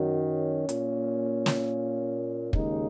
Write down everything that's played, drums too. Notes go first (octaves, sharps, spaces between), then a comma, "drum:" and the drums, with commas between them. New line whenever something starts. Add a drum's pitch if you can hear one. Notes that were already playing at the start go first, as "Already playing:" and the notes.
Already playing: F#2 D#3 F#3
C#4
A#2 A#3, drum: hi-hat
drum: snare
D#2 C#3 G#3 D#4, drum: kick